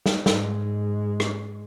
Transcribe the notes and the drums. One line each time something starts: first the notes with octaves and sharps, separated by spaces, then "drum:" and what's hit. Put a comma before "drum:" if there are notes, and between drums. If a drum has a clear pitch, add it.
drum: snare
G#2 G#3, drum: snare
drum: rim click